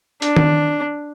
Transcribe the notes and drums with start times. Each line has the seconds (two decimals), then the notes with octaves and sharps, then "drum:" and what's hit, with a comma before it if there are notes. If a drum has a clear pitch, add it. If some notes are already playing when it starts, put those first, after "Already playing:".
0.22 D4, drum: hi-hat
0.37 drum: tom D#3